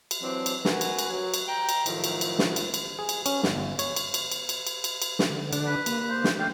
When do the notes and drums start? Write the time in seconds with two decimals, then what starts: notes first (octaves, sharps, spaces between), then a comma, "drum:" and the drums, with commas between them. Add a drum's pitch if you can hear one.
0.11 drum: cymbal
0.22 E3 F#3 C4 D4
0.46 drum: cymbal
0.65 F#4 A#4 B4 F#5 G#5, drum: snare
0.81 drum: cymbal
0.99 drum: cymbal
1.10 F#3
1.34 drum: cymbal
1.48 G5 A#5
1.69 drum: cymbal
1.86 A2 D#3 F3 F#3 A3, drum: cymbal
2.04 drum: cymbal
2.21 drum: cymbal
2.39 drum: snare
2.56 drum: cymbal
2.74 drum: cymbal
2.99 G#4
3.09 drum: cymbal
3.26 C#4, drum: cymbal
3.43 G1, drum: snare
3.56 G1
3.79 C#5, drum: cymbal
3.96 drum: cymbal
4.14 drum: cymbal
4.31 drum: cymbal
4.49 drum: cymbal
4.67 drum: cymbal
4.84 drum: cymbal
5.02 drum: cymbal
5.19 drum: snare
5.30 D3
5.53 D3 D4, drum: cymbal
5.67 B4
5.86 A#3, drum: cymbal
6.10 C5
6.24 drum: snare
6.39 A3 D4 F5 G5